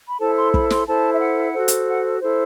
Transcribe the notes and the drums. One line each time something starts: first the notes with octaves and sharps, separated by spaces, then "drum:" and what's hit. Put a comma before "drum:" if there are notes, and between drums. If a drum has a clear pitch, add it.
B5
E4 A4 C5 A5
C6
B5, drum: kick
C6, drum: snare
E4 A4 C5 A5
E5
F#5
F#4 A4 C5
drum: hi-hat
F#5
E4 A4 C5